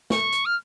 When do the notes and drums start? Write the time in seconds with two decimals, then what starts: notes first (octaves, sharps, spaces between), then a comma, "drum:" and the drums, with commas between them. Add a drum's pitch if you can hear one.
0.10 C#6, drum: snare
0.32 drum: hi-hat
0.45 F6